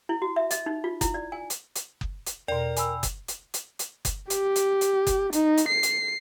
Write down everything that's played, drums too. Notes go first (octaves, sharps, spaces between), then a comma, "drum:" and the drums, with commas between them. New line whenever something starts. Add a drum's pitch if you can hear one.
E4
F#4
E5
D#5, drum: hi-hat
D#4
F4
E4, drum: kick F#1, hi-hat
D5
G#5
drum: hi-hat
drum: hi-hat
drum: kick F#1
drum: hi-hat
E2 B2 A#4 D5 G5
G#5 B5 E6, drum: hi-hat
drum: kick F#1, hi-hat
drum: hi-hat
drum: hi-hat
drum: hi-hat
drum: kick F#1, hi-hat
G4, drum: hi-hat
drum: hi-hat
drum: hi-hat
drum: kick F#1, hi-hat
D#4, drum: hi-hat
drum: hi-hat
C7
drum: hi-hat